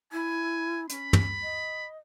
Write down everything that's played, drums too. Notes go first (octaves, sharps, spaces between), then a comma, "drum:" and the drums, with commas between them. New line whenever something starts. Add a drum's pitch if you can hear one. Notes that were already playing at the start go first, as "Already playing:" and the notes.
E4 G#5
C#4 B5, drum: hi-hat
drum: tom
D#5